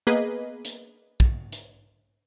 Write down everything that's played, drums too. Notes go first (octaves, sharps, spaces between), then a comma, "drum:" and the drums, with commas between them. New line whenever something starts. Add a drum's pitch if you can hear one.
A#3 B3 G#4 B4 D#5
drum: hi-hat
drum: kick
drum: hi-hat